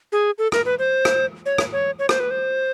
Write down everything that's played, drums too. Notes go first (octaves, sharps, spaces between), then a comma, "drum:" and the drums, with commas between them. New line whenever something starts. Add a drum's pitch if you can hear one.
G#4
A4
A#4, drum: rim click
B4
C5
drum: rim click
C#5
drum: rim click
C#5
C#5
C5, drum: rim click
B4
C5